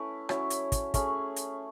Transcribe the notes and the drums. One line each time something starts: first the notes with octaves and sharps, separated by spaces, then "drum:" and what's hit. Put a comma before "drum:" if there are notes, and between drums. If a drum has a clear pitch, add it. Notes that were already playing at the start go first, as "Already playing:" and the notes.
Already playing: A3 C#4 E4 B4
F#3 C#4 E4, drum: rim click
drum: hi-hat
drum: kick, hi-hat
A3 C#4 G#4, drum: kick, hi-hat
drum: hi-hat